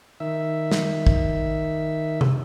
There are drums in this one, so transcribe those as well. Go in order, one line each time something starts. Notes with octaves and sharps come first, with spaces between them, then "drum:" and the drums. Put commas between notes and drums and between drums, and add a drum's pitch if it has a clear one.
D#3 E5
drum: snare
drum: kick
drum: tom C3